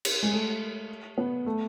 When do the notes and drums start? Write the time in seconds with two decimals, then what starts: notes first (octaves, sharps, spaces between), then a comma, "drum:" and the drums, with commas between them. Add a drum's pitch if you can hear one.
0.05 drum: cymbal
0.23 G#3
0.33 A3
1.18 B3
1.46 A3